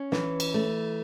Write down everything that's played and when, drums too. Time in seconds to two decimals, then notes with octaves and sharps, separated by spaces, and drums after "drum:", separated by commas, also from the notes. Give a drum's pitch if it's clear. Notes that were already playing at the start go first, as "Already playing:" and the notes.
Already playing: C#4
0.12 E3, drum: snare
0.40 drum: cymbal
0.54 A3